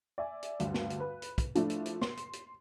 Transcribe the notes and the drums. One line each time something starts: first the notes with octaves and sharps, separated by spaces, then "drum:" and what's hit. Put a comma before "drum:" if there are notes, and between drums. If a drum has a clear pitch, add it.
D5 E5 G#5
drum: hi-hat
D2 G2, drum: hi-hat
drum: snare
drum: hi-hat
B4
drum: hi-hat
drum: kick, hi-hat
F3 A3 D4 E4, drum: hi-hat
drum: hi-hat
drum: hi-hat
C6, drum: snare
drum: hi-hat
drum: hi-hat